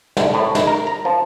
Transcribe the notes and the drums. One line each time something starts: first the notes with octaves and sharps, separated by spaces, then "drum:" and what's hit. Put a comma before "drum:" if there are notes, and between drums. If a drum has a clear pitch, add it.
C2, drum: snare
A2
D#4, drum: snare
A#4
A#5
F3